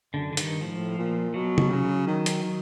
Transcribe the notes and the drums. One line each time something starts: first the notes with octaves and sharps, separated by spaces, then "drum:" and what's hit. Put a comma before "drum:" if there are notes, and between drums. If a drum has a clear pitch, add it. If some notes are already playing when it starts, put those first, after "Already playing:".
F#2 D3
D3
G2 D#3, drum: hi-hat
A2 F3
G#2
A2
A#2
B2 F#3
drum: tom
C#3
D#3
drum: hi-hat
D#3